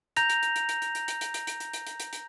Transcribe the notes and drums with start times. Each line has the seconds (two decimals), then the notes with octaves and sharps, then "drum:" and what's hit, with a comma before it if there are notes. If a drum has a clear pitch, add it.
0.17 A#5 G6 A#6 F7, drum: hi-hat
0.30 drum: hi-hat
0.43 drum: hi-hat
0.56 drum: hi-hat
0.69 drum: hi-hat
0.82 drum: hi-hat
0.95 drum: hi-hat
1.08 drum: hi-hat
1.21 drum: hi-hat
1.34 drum: hi-hat
1.47 drum: hi-hat
1.60 drum: hi-hat
1.73 drum: hi-hat
1.87 drum: hi-hat
2.00 drum: hi-hat
2.13 drum: hi-hat